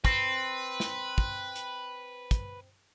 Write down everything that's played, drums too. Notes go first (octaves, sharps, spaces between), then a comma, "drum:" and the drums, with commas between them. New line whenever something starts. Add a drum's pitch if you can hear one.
C4 B4, drum: kick, hi-hat
drum: snare
drum: kick
drum: hi-hat
drum: kick, hi-hat